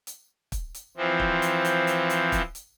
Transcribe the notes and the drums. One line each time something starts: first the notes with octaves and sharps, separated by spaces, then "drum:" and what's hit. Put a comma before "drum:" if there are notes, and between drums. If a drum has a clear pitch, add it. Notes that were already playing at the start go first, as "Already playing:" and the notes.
drum: hi-hat
drum: kick, hi-hat
drum: hi-hat
E3 F3 C4
drum: kick
drum: hi-hat
drum: hi-hat
drum: hi-hat
drum: hi-hat
drum: kick, hi-hat
drum: hi-hat